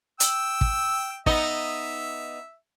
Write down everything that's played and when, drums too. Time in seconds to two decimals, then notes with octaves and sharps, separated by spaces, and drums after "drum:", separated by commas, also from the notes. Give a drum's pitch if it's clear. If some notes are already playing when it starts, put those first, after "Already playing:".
0.20 G5 E6, drum: hi-hat
0.61 drum: kick
1.26 B3 D#4 D#5 E5, drum: kick